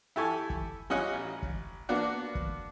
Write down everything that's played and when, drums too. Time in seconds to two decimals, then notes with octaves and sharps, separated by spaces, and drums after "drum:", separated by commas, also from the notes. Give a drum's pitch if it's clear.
0.16 E4 G4 A4 G#5 C#6
0.50 drum: kick
0.90 G3 C#4 F4 F#4 D#5 F#5
1.13 A1
1.42 drum: kick
1.89 A#3 B3 D4 F#4
2.35 drum: kick